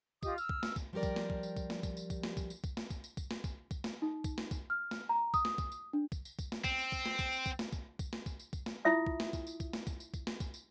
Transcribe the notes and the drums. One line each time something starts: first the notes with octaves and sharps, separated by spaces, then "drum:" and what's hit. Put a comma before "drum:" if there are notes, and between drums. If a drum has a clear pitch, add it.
F4 G4 D#5 D#6, drum: kick, tambourine
E6 F6, drum: tambourine
drum: kick
drum: snare
drum: kick, tambourine
F3 G3 G4 A#4 D5
drum: kick, tambourine
drum: snare
drum: kick
drum: tambourine
drum: kick, tambourine
drum: snare
drum: kick, tambourine
drum: tambourine
drum: kick, tambourine
drum: snare
drum: kick, tambourine
drum: tambourine
drum: kick, tambourine
drum: snare
drum: kick, tambourine
drum: tambourine
drum: kick, tambourine
drum: snare
drum: kick, tambourine
drum: kick, tambourine
drum: snare
D#4
drum: kick, tambourine
drum: snare
drum: kick, tambourine
F6
drum: snare
A#5
D#6, drum: kick, tambourine
drum: snare
drum: kick, tambourine
drum: tambourine
D4
drum: kick, tambourine
drum: tambourine
drum: kick, tambourine
drum: snare
C4, drum: kick, tambourine
drum: tambourine
drum: kick, tambourine
drum: snare
drum: kick, tambourine
drum: tambourine
drum: kick, tambourine
drum: snare
drum: kick, tambourine
drum: kick, tambourine
drum: snare
drum: kick, tambourine
drum: tambourine
drum: kick, tambourine
drum: snare
E4 F4 E5 D#6
drum: kick
drum: snare
drum: kick, tambourine
drum: tambourine
drum: kick, tambourine
drum: snare
drum: kick, tambourine
drum: tambourine
drum: kick, tambourine
drum: snare
drum: kick, tambourine
drum: tambourine